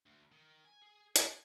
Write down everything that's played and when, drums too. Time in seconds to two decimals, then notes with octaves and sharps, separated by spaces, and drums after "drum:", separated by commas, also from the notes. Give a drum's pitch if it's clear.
0.06 D2
0.32 D#3
0.65 G#5
0.82 G#4
1.16 G#5, drum: hi-hat